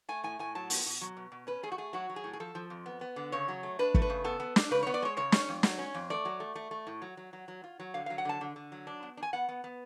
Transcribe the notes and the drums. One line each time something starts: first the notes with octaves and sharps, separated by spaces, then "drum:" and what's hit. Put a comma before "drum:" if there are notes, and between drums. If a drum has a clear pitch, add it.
A3 G#5
A2 G#5
A2 G#5
F#3 A5
B3, drum: open hi-hat
B2
F#3
B2
B2
C#4 B4
A3 G#4
F#4
A3 G#4
F#3 F#4
F#3
G#4
A2
G#4
F3 A4
F3
F2
B3
B3
D3
C#3 C#5
F#3
A3
D4 B4
A3, drum: kick
B4
C#3
B3 A4
B3
D4, drum: snare
C#3 B4
B3 C#5
D5
G#3 C#5
C#3 C#5
C#4, drum: snare
F2
F#3, drum: snare
C#4
F2
A3 D5
F#3
A3
A3
A3
A2
F#3
F#3
F#3
F#3
F4
F#3
D3 F5
F#3 F5
F#5
D3 A5
D3
D3
F#3
D4
B3
D4
G#5
B3 F#5
B3
B3